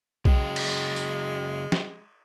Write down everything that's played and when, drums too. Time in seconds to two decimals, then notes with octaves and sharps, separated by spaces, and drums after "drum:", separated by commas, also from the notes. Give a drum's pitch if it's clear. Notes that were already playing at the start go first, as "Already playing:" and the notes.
0.25 C#3 F#3 G#3 G5, drum: kick B1
0.56 drum: cymbal
0.96 drum: tambourine
1.72 drum: snare